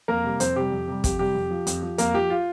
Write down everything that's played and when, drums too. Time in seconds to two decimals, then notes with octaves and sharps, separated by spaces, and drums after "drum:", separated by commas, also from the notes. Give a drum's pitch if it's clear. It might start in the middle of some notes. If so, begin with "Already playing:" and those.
0.08 F2 A#3 A#4
0.24 C3 G3
0.40 F2 C4 C5, drum: hi-hat
0.56 C3 G3 G4
0.72 F2
0.88 C3 G3
1.04 F2 G4, drum: kick, hi-hat
1.19 C3 G3 G4
1.35 F2
1.51 F3
1.67 F2, drum: hi-hat
1.83 F3
1.98 F2 A#3 A#4, drum: hi-hat
2.14 F3 G4
2.30 F4